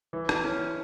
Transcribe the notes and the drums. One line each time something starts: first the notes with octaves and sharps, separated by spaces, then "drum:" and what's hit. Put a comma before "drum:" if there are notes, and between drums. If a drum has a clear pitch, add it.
E3
drum: rim click
C#4